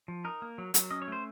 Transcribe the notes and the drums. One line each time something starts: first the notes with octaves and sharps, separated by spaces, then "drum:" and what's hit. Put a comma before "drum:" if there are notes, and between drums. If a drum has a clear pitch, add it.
F3
D#4 A#4
A#3
F#3
F#3, drum: hi-hat
C#4 D#5
C#5
A3 C5